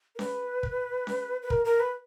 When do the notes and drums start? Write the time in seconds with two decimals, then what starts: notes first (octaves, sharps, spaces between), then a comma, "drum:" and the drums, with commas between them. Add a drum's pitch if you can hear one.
0.15 A#4
0.19 B4, drum: snare C#4
0.63 drum: kick
1.07 drum: snare C#4
1.42 B4
1.50 A#4, drum: kick
1.65 A#4
1.80 B4